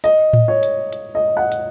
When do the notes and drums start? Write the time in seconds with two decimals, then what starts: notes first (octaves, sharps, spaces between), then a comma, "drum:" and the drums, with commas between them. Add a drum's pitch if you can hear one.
0.04 D#5, drum: hi-hat
0.33 drum: tom A2
0.48 C#5
0.63 drum: hi-hat
0.93 drum: hi-hat
1.15 D#5
1.37 F#5
1.52 drum: hi-hat